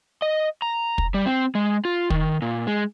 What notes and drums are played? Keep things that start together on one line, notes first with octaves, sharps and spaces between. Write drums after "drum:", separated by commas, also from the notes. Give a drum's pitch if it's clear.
D#5
A#5
drum: kick
G3
C4
G#3
F4
D#3, drum: kick
A#2
G#3